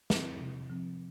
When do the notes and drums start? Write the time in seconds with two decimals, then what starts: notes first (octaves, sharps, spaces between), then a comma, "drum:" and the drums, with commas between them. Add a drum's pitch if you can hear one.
0.10 F3 C4, drum: snare
0.40 C3
0.70 F3 C4